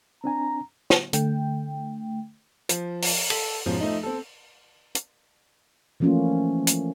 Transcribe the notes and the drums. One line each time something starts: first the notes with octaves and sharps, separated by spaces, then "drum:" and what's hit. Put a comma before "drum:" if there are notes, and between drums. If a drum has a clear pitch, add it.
C4 D4 G#5 A#5
drum: snare
D3 A3 G5, drum: hi-hat
F3, drum: hi-hat
drum: open hi-hat
A4, drum: cymbal
G#2 B2 F3 C#4
F3 A3 D#4
C4 A4
drum: hi-hat
E3 F3 A3 A#3 C#4 F4
drum: hi-hat